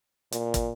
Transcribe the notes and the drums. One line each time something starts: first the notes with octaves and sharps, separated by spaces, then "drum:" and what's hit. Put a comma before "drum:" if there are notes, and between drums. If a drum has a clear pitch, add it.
A#2, drum: hi-hat
drum: kick, hi-hat